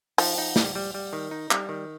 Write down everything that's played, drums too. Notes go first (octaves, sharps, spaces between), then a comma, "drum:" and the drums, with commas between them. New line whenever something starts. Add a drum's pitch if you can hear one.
F3 D#4, drum: open hi-hat
D#4
G3, drum: snare
G3
G3
D#3
D#4
G3, drum: clap
D#3